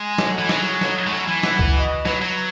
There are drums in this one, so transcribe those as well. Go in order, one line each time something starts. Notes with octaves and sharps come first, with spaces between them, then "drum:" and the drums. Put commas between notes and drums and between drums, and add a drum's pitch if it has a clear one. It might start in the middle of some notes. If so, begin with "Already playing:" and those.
Already playing: G#3
A3 D#4 F#4 C#5 F#5, drum: snare
E3
F#3 G#3 C#4 E4 G#4 C#5, drum: snare
D#4 A4 C#5, drum: snare
G#3
F#3 A3 C#4 E4
E3
E4 B4 F#5, drum: snare
drum: kick C#2
F#4 B4 D#5
F#3 B3 E4 B4, drum: snare
F#3